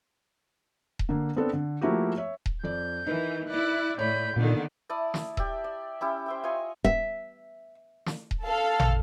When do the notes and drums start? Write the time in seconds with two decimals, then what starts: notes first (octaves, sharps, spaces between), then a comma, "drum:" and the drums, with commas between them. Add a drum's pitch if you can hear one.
0.99 drum: kick D#1
1.09 D3 A#3
1.36 B3 C4 D4 A4
1.53 D3
1.81 F3 A3 A#3 E4 F#4 G4
2.17 C#5 E5
2.46 drum: kick D#1
2.64 F2 D5 G6
3.07 E3 D#4 A#4 B4
3.49 E4 D5 F#6
3.99 A2 C#5 D5 B5 G6
4.36 A#2 D3 D#3 A#3 B3
4.89 E4 D5 A5 D#6
5.14 drum: snare
5.37 G4 D5 E5, drum: kick D#1
5.64 D5
6.01 C#4 E4 G4
6.26 C5 E5 G5
6.44 F4 C#5 D#5 G#5
6.84 E5, drum: kick D#1
8.06 drum: snare
8.31 drum: kick D#1
8.44 A4 F5
8.80 drum: tom A1